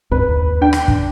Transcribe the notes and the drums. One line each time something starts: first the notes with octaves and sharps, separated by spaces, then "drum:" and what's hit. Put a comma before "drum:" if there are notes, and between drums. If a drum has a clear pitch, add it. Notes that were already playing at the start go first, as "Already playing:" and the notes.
C#2 G2 C4 B4
D#2
D4 G5
drum: rim click
drum: kick